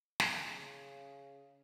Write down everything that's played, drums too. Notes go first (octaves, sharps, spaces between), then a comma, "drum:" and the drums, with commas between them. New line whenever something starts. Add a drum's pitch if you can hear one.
drum: snare
C#3